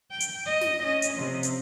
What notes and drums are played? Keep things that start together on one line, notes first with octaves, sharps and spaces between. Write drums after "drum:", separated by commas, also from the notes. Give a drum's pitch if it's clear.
G5
drum: hi-hat
D#5
drum: snare
C#4 D#5
drum: hi-hat
C3 F3
drum: hi-hat